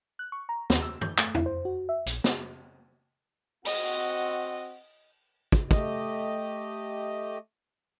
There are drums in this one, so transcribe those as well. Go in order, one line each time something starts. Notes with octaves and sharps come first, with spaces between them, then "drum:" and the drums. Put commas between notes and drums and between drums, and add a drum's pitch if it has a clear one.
F#6
C#6
A#5
D#2, drum: snare
E6
G6, drum: tom
A3, drum: clap
E4, drum: tom E2
C5
F#4
E5
A#1, drum: hi-hat
drum: snare
C4 F#4 D#5 F#5, drum: open hi-hat
drum: kick
A3 G4 D#5, drum: kick